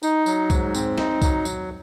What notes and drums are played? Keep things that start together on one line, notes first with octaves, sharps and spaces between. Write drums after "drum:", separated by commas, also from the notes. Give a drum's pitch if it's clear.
D#4, drum: tambourine
F#3, drum: tambourine
G#2, drum: kick C2, tambourine
C4, drum: tambourine
D#4, drum: snare
F#3, drum: kick C2, tambourine
drum: tambourine